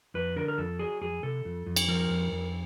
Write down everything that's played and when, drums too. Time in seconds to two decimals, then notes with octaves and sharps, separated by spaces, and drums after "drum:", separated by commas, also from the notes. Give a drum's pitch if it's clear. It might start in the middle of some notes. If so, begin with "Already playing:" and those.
0.14 F2 B4
0.36 D3 A#4
0.48 A#4
0.58 F2 A4
0.79 F#3 G#4
1.01 F2 G#4
1.23 C3 A4
1.45 F2
1.66 F2
1.76 drum: cymbal
1.88 F3 A#4
2.10 F2
2.32 F2